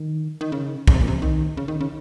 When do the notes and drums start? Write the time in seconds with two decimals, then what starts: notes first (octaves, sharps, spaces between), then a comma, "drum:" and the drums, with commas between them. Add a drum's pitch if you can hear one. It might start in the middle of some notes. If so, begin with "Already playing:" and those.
Already playing: D#3
0.41 D#3
0.52 C#3
0.88 C#3, drum: kick B1
0.94 C3
1.01 A#2
1.08 C3
1.22 D#3
1.57 C#3
1.68 D#3
1.81 C#3